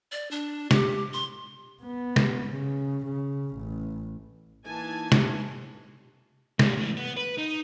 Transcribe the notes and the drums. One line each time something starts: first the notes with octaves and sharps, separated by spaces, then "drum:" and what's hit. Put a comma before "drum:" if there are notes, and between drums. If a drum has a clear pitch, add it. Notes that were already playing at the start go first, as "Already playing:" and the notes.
D5
D4
G4, drum: snare
C6
B3
drum: snare
C#3
C#3
A1
E3 A#3 D#4 G#5 A5
drum: snare
C#3 D4, drum: snare
A2 E3
B3
B4
D#4